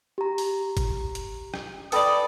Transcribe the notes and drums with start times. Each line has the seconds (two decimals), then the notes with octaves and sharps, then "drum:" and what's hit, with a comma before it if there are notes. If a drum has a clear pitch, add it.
0.18 G4 A#5
0.38 drum: open hi-hat
0.77 drum: kick G1, hi-hat
1.15 drum: hi-hat
1.54 drum: rim click
1.92 A4 B4 D5 G5 B5 D#6, drum: open hi-hat